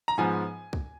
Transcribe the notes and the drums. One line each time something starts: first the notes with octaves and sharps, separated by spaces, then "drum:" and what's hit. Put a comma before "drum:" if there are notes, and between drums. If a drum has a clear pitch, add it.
A#5
G#2 F3 B3 G#5
drum: kick C2